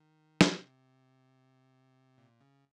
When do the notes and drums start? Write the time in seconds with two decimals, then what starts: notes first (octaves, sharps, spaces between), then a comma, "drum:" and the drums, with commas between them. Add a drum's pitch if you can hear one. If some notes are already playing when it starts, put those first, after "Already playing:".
Already playing: D#3
0.41 C3, drum: snare
2.18 A#2
2.41 C#3